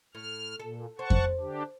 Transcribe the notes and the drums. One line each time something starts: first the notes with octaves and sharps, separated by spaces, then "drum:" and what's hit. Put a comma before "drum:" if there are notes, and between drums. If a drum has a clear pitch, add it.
A2 F6
A#2 A4
C5 F#5 A5 C#6
drum: kick F2
D3 D4 G4